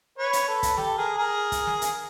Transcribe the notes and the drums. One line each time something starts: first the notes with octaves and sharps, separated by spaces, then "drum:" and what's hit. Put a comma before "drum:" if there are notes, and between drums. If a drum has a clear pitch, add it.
B4 C#5
drum: hi-hat
A4 B4
drum: kick, hi-hat
G4 A4, drum: snare
G#4 A#4
G#4 A#4
drum: kick, hi-hat
drum: snare
drum: hi-hat